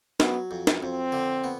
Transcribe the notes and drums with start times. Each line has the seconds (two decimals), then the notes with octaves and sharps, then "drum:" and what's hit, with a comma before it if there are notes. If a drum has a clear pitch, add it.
0.20 F#3 B3, drum: snare
0.51 F2
0.67 drum: snare
0.83 F2 C4
1.12 D3
1.44 B3